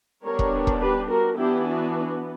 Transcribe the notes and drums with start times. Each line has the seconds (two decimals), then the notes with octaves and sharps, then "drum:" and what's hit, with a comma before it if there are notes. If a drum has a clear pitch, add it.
0.25 G3 B3 D4 A#4 C#5
0.39 drum: kick E1
0.67 drum: kick E1
0.81 G4 B4
1.09 F#4 A#4
1.37 E3 B3 D4 E4 G4
1.65 D4 F#4